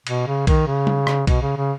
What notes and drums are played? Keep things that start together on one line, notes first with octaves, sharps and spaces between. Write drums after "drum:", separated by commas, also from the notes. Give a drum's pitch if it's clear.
B2, drum: cymbal
C#3
D#3, drum: kick B1, cymbal
C#3
drum: tom
drum: rim click
B2, drum: kick B1, cymbal
C#3
C#3